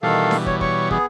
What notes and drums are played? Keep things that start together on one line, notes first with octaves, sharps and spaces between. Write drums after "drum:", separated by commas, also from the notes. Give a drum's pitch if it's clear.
B2 D#3 E3 G3 A4 F5
drum: snare D4
C#5, drum: kick
C#5 C#6, drum: kick
B3 G#4, drum: kick